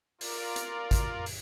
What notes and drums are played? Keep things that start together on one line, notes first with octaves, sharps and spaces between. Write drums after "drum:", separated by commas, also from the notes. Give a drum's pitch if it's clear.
F4 A#4 D5, drum: open hi-hat
drum: hi-hat
drum: kick, hi-hat
drum: open hi-hat